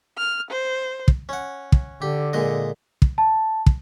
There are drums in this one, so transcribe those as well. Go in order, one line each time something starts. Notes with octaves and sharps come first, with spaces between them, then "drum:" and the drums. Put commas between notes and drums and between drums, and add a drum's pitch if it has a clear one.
F6
C5
drum: kick
C#4 F#5
drum: kick
D3 G4
A#2 G#3 D#5
drum: kick
A5
drum: kick